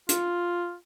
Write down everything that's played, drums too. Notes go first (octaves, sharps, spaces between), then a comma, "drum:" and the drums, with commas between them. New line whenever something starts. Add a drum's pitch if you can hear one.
F4, drum: hi-hat